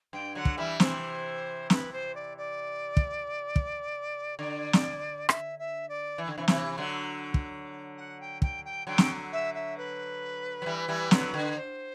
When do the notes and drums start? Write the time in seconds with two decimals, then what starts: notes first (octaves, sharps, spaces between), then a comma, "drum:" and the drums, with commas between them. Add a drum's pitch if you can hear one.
0.13 G2 G5
0.35 D3 F#3 F#5
0.45 drum: kick
0.57 E3 G3 E5
0.80 C3 E3 C5, drum: snare
1.70 B4, drum: snare
1.92 C5
2.14 D5
2.37 D5
2.97 drum: kick
3.56 drum: kick
4.38 D3 D5
4.73 drum: snare
5.29 E5, drum: rim click
5.58 E5
5.88 D5
6.18 E3
6.28 D3
6.37 C3 E3
6.48 C3 E3, drum: snare
6.78 D3 F#3
7.34 drum: kick
7.97 F#5
8.20 G5
8.42 G5, drum: kick
8.64 G5
8.87 D3 F#3 G5
8.98 drum: snare
9.32 E5
9.54 E5
9.77 B4
10.62 F#3
10.66 E3 G3
10.88 E3 G3
11.11 D3 F#3, drum: snare
11.34 D3
11.56 C5